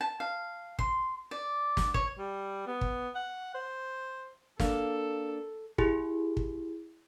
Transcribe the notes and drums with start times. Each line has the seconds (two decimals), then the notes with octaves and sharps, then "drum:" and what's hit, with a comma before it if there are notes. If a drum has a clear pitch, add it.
0.01 A5
0.20 F5
0.79 C6, drum: kick
1.31 D5
1.77 drum: snare
1.94 C#5, drum: kick
2.18 G3
2.66 B3
2.81 drum: kick
3.15 F#5
3.54 C5
4.60 A#3 D4 A4 F5, drum: snare
5.78 E4 G4 G#4, drum: kick
6.37 drum: kick